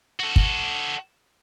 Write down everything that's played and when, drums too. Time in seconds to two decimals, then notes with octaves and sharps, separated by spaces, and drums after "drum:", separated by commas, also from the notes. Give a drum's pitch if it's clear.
0.20 F#4 A4
0.36 drum: kick